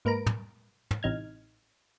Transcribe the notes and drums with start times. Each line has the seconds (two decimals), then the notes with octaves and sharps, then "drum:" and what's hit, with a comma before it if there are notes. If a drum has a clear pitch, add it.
0.05 G#2 A#3 A#4 B4 A#5 D7
0.26 drum: tom
0.91 drum: tom
1.03 A1 C3 D#4 F6 G#6